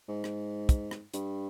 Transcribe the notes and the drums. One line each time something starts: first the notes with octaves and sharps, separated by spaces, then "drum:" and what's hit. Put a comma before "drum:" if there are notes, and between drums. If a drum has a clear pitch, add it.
G#2
drum: rim click
drum: kick, hi-hat
drum: rim click
G2, drum: hi-hat